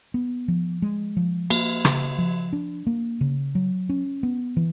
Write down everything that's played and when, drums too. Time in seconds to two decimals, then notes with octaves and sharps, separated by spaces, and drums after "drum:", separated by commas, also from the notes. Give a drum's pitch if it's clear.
0.14 B3
0.48 F3
0.82 G#3
1.17 F3
1.50 A#3, drum: cymbal
1.85 C#3, drum: rim click
2.18 F3
2.53 D4
2.87 A#3
3.21 C#3
3.55 F#3
3.89 C#4
4.23 B3
4.57 E3